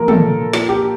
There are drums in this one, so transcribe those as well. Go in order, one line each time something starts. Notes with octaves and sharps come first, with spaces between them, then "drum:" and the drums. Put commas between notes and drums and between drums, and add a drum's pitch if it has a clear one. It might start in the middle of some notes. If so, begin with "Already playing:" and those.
Already playing: A#2 F3 A#3 A#4
A4, drum: tom
drum: snare
G4